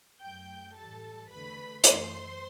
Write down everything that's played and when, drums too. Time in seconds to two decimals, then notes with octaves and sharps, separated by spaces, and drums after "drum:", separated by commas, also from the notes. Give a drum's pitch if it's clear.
0.21 F#2 F#3 A3 G5 G6
0.75 A2 E3 G3 A4 A5
1.29 E2 D3 A3 B4 B5
1.84 F#2 E3 A3 C5 C6, drum: hi-hat